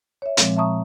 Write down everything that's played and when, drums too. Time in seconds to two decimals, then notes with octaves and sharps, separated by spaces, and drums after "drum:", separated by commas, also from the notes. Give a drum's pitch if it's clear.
0.22 C#5 E5
0.37 A#2 F3 G#3 C4, drum: hi-hat
0.57 E5 A5 A#5 C#6 D#6